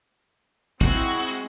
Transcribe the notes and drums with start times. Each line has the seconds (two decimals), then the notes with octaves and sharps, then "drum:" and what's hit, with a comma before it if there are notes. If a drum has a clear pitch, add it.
0.81 G#3 C4 E4 F#4, drum: kick